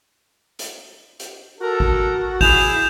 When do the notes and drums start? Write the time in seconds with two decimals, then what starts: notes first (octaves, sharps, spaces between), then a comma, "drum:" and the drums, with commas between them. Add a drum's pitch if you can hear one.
0.59 drum: hi-hat
1.20 drum: hi-hat
1.61 F#4 A4 A#4
1.80 drum: kick G#1
2.41 E4 G#4 G6 E7 F7, drum: kick G#1, open hi-hat